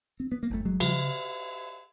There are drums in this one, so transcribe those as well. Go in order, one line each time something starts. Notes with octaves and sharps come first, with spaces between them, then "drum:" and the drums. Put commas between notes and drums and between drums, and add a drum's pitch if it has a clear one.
C4
B3
A#3
G1 F2 C#3 A3
F#3 G#3
C#3 F3 G3, drum: cymbal